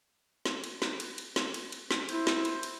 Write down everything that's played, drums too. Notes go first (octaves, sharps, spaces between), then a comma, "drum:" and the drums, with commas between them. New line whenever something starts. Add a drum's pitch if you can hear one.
drum: snare
drum: cymbal
drum: snare
drum: cymbal
drum: cymbal
drum: snare
drum: cymbal
drum: cymbal
drum: snare
E4 C5, drum: cymbal
drum: snare
drum: cymbal
drum: cymbal